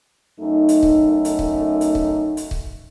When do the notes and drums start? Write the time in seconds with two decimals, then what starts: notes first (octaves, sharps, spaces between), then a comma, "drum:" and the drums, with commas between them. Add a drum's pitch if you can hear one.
0.41 F#2 A3 D#4
0.69 drum: hi-hat
0.83 drum: kick C#1
1.25 drum: hi-hat
1.39 drum: kick C#1
1.81 drum: hi-hat
1.95 drum: kick C#1
2.37 drum: hi-hat
2.51 drum: kick C#1